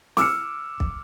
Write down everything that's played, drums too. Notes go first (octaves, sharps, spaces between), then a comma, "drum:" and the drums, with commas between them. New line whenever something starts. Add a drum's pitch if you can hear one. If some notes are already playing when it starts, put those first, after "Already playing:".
D6 E6 F6 C#7, drum: snare
drum: kick